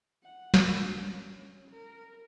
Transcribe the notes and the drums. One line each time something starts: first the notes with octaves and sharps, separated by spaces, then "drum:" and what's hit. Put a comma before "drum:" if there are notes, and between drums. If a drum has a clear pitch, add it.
F#5
drum: snare
D4
C#4
A#4